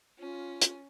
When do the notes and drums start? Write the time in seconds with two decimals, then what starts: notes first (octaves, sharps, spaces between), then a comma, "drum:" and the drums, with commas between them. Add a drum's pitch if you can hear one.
0.19 C#4 F4
0.62 drum: hi-hat